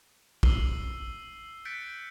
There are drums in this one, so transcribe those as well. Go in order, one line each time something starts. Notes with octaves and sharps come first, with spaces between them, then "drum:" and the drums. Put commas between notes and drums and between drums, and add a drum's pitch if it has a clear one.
E6 C7 D#7 F#7 G7, drum: kick
F#6 G6 A6 B6 C#7 D7